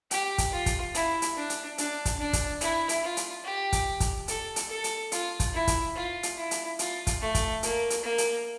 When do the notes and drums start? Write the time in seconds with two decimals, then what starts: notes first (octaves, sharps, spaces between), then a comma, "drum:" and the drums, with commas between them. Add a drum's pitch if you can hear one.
0.11 G4, drum: hi-hat
0.38 drum: kick, hi-hat
0.52 F4
0.66 drum: kick, hi-hat
0.95 E4, drum: hi-hat
1.22 drum: hi-hat
1.36 D4
1.50 drum: hi-hat
1.78 D4, drum: hi-hat
2.05 drum: kick, hi-hat
2.19 D4
2.33 drum: kick, hi-hat
2.61 E4, drum: hi-hat
2.89 drum: hi-hat
3.03 F4
3.17 drum: hi-hat
3.44 G4
3.73 drum: kick, hi-hat
4.00 drum: kick, hi-hat
4.28 A4, drum: hi-hat
4.56 drum: hi-hat
4.70 A4
4.84 drum: hi-hat
5.12 F4, drum: hi-hat
5.40 drum: kick, hi-hat
5.54 E4
5.67 drum: kick, hi-hat
5.96 F4
6.23 drum: hi-hat
6.37 E4
6.51 drum: hi-hat
6.79 F4, drum: hi-hat
7.07 drum: kick, hi-hat
7.21 A3
7.35 drum: kick, hi-hat
7.63 A#3, drum: hi-hat
7.90 drum: hi-hat
8.04 A#3
8.18 drum: hi-hat